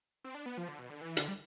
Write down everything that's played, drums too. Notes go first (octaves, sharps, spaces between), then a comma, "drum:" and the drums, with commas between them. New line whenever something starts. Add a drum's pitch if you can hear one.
C4
D4
B3
F3
D3
B2
D3
E3
D3, drum: hi-hat
G3